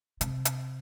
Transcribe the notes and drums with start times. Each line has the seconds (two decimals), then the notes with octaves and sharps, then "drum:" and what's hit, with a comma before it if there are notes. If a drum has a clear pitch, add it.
0.21 C3, drum: hi-hat
0.45 drum: hi-hat